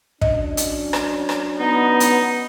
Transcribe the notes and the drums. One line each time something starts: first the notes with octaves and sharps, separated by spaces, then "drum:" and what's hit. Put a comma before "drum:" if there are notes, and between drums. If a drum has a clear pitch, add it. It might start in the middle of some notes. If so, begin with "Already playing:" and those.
F#3 C#4 D4 D#5, drum: kick
drum: hi-hat
drum: rim click
drum: rim click
B3 D#4
drum: hi-hat